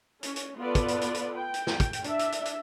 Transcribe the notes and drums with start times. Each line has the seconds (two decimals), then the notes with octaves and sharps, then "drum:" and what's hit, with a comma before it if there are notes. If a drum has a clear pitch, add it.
0.23 C#4, drum: hi-hat
0.36 drum: hi-hat
0.58 B3 F4 A4 B4 D5
0.75 drum: kick, hi-hat
0.88 drum: hi-hat
1.01 drum: hi-hat
1.14 drum: hi-hat
1.36 G5
1.54 drum: hi-hat
1.67 drum: snare
1.80 drum: kick, hi-hat
1.93 drum: hi-hat
2.04 D4 E5, drum: hi-hat
2.19 drum: hi-hat
2.32 drum: hi-hat
2.45 drum: hi-hat